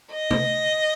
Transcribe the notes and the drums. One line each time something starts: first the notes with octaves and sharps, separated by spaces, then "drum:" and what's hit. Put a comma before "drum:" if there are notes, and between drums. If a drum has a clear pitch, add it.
D#5
drum: tom